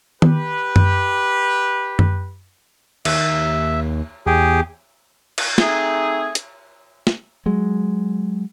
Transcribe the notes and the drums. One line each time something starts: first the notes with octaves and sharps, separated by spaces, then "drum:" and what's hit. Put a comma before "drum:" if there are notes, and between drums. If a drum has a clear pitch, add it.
G4 B4, drum: tom D#3
drum: tom F#2
drum: tom F#2
D#2 E5, drum: cymbal
E2 G4 G#4
drum: cymbal
A3 C4 D#4 G#4, drum: snare
drum: hi-hat
drum: snare
F#3 G#3